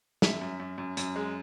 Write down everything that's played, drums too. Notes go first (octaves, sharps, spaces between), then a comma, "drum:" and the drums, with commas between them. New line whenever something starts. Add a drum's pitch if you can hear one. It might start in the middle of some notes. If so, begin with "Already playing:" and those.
F#2 E5, drum: snare
F#2
F#2
F#2
F#2, drum: hi-hat
G#3